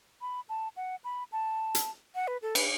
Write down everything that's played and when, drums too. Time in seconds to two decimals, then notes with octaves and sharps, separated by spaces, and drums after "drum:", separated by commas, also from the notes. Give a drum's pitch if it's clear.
0.21 B5
0.49 A5
0.77 F#5
1.04 B5
1.32 A5
1.75 drum: hi-hat
2.15 F#5
2.28 B4
2.42 A4
2.55 B4, drum: cymbal